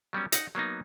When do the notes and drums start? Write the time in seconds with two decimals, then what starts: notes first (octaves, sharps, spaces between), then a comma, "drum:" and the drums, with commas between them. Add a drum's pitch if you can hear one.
0.13 F#3 G3 B3 C#4
0.32 D#4 F#5, drum: hi-hat
0.55 F#3 A#3 B3 D#4